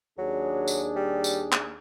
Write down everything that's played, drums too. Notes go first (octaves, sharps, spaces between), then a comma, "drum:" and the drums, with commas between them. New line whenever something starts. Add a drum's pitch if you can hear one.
D#2 F#3 D4 G#4
drum: tambourine
G3
drum: tambourine
drum: clap